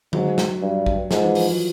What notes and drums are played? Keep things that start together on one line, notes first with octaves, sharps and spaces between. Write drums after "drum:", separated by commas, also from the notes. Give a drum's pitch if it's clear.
G#2 F#3, drum: tom D3
drum: snare
G2
drum: kick
G#2 F3, drum: snare
E3
F3, drum: open hi-hat
F#3